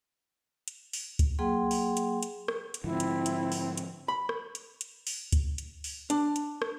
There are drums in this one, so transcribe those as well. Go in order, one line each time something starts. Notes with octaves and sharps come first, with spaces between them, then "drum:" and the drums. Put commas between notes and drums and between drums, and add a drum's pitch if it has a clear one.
drum: hi-hat
drum: open hi-hat
drum: kick C#2, hi-hat
F#3 A#3 G#4 F#5 G5 C6
drum: open hi-hat
drum: hi-hat
drum: hi-hat
drum: rim click
drum: hi-hat
G#2 D3 F3 C4 E4
drum: hi-hat
drum: hi-hat
drum: open hi-hat
drum: hi-hat
B5
drum: rim click
drum: hi-hat
drum: hi-hat
drum: open hi-hat
drum: kick C#2, hi-hat
drum: hi-hat
drum: open hi-hat
D4, drum: hi-hat
drum: hi-hat
drum: rim click